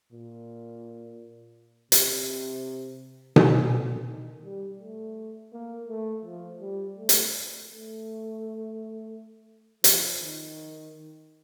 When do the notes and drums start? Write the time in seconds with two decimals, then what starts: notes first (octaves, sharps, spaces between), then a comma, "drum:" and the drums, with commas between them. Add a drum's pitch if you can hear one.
0.12 A#2
1.92 C3, drum: hi-hat
3.36 D3, drum: tom B2
3.73 D3
4.08 D#3
4.44 G3
4.80 A3
5.53 A#3
5.89 A3
6.24 F3
6.61 G3
6.97 A3
7.09 drum: hi-hat
7.68 A3
9.84 F3, drum: hi-hat
10.20 D#3